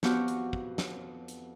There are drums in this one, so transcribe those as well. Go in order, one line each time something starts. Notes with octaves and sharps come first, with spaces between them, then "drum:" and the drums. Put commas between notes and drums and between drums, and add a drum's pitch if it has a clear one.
F2 B3 F#4 G4 C#6 F6, drum: snare
drum: hi-hat
drum: kick
drum: snare
drum: hi-hat